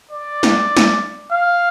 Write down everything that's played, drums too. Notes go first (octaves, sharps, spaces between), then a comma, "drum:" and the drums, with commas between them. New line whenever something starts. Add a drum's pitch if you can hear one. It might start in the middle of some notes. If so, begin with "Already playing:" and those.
D5
drum: snare
drum: snare
F5